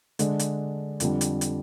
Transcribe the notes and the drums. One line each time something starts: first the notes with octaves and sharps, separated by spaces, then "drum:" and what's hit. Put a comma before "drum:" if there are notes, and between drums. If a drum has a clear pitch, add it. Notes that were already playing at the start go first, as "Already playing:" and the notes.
D3 G#3 D4, drum: hi-hat
drum: hi-hat
F2 D3 G3, drum: hi-hat
drum: hi-hat
drum: hi-hat